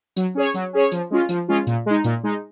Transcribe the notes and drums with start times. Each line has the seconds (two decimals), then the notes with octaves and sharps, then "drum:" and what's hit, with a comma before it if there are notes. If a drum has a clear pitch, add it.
0.16 F#3, drum: hi-hat
0.35 C#4 G#4 C#5
0.54 F#3, drum: hi-hat
0.73 C#4 G#4 C#5
0.92 F3, drum: hi-hat
1.10 G#3 C#4 F4
1.29 F3, drum: hi-hat
1.48 G#3 C#4 F4
1.67 A#2, drum: hi-hat
1.86 G#3 D#4
2.04 A#2, drum: hi-hat
2.23 G#3 D#4